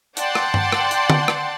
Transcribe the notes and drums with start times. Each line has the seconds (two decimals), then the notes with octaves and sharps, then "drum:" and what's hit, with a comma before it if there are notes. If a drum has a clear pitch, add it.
0.17 D5 F#5 G5 A5 C6, drum: hi-hat
0.35 drum: rim click
0.54 drum: tom G2
0.72 drum: rim click
0.91 drum: hi-hat
1.10 drum: tom
1.28 drum: rim click